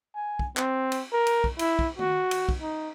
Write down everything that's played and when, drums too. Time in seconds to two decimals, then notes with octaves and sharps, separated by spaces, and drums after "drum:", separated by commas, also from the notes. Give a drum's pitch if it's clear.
0.15 G#5
0.39 drum: kick
0.57 C4, drum: clap
0.92 drum: cymbal
1.12 A#4
1.27 drum: cymbal
1.44 drum: kick
1.59 E4, drum: cymbal
1.79 drum: kick
1.99 F#4, drum: tom
2.31 drum: cymbal
2.49 drum: kick
2.62 D#4